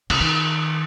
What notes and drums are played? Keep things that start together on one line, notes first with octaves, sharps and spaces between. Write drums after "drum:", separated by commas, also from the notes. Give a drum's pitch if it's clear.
C#3, drum: cymbal
D#3